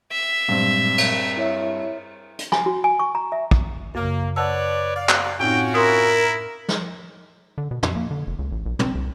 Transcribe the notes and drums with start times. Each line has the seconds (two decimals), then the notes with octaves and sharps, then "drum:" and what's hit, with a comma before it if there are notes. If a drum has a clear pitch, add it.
0.12 E5
0.49 G2 A#2 F#3 G#3 C4
0.98 drum: cymbal
1.37 E4 C#5 E5
2.39 drum: hi-hat
2.52 G#5, drum: rim click
2.66 F#4
2.84 G#5
2.99 C#6
3.15 A#5
3.32 E5
3.51 drum: kick
3.95 F#2 C#3 A#3
4.36 B4 C#5 D5 F#5 A5 E6
4.95 D5 F5
5.09 drum: clap
5.40 A2 C4 C#4 D#4 F4 F#4 G5
5.74 E4 A#4 C6 D#6
6.68 drum: snare
7.58 D3
7.71 B2
7.83 F2, drum: tom
7.96 A#3
8.11 D3
8.27 F1
8.39 C#2
8.52 A1
8.66 A#1
8.79 C4, drum: tom
8.95 C2